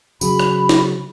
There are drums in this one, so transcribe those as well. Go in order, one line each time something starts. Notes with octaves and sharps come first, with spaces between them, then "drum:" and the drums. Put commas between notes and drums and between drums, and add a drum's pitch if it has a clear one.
C#3 F#3 F#4 G#4 B5, drum: tambourine
drum: rim click
drum: snare